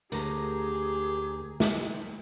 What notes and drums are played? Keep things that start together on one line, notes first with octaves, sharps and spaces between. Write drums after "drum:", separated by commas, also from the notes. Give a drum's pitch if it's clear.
D2 G4 G#4 A#4 A#5, drum: hi-hat
drum: snare